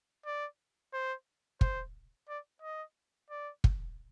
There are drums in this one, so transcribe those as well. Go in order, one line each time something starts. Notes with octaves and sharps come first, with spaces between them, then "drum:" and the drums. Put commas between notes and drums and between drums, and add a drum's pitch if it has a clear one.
D5
C5
C5, drum: kick
D5
D#5
D5
drum: kick